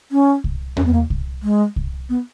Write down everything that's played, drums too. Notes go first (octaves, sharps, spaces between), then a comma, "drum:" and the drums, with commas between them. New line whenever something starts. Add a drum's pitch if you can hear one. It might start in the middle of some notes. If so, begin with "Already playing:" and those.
C#4
drum: kick C2
C#4, drum: tom E2
B3
A#3
drum: kick C2
G#3
drum: kick C2
B3